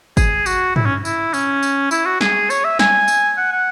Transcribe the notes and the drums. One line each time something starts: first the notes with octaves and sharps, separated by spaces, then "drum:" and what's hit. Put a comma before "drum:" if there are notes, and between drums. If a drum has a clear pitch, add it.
G#4, drum: kick, tambourine
F#4, drum: tambourine
E4, drum: tom
C#4
E4, drum: tambourine
C#4, drum: tambourine
drum: tambourine
E4, drum: tambourine
F#4
G#4, drum: snare
C#5, drum: tambourine
E5
G#5, drum: snare
drum: tambourine
F#5
F#5